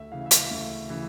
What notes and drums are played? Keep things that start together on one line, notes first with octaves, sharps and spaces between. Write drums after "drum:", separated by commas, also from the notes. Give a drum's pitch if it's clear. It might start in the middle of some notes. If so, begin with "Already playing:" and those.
Already playing: D2 E5
C#3 E3 F5
E5
F5, drum: hi-hat
D2
C#3 E3